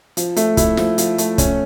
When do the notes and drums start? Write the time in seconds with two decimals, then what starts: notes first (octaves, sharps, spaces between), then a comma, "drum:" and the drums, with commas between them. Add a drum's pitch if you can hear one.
0.17 F3, drum: hi-hat
0.36 A3, drum: hi-hat
0.57 E4, drum: kick, hi-hat
0.77 F3, drum: snare
0.98 F3, drum: hi-hat
1.18 A3, drum: hi-hat
1.38 C#4, drum: kick, hi-hat